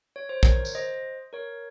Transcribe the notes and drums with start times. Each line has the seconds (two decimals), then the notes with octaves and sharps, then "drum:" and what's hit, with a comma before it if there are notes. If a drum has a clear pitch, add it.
0.16 C#5
0.29 C5
0.43 A#4 C#5, drum: kick
0.65 drum: tambourine
0.75 C5 D#5
1.33 A#4 C#5